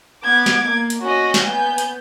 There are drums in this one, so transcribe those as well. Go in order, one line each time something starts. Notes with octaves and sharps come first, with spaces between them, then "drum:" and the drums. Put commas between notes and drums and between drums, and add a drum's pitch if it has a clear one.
B3 D6 G#6
drum: snare
A#3
drum: hi-hat
C#4 F#4 D#5
drum: snare
B3 G#5 G6
drum: hi-hat